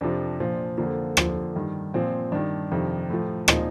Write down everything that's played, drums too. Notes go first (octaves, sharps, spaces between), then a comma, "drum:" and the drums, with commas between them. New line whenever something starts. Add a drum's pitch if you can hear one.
F2 C3 F3 D4
A#2 F3
F2 D3 F3 A#3
F2 D3 F3, drum: rim click
G2 D#3
A#2 F3 C4
G2 D#3 D4
F2 C3 D#3
A2 F3
A#2 F3 D#4, drum: rim click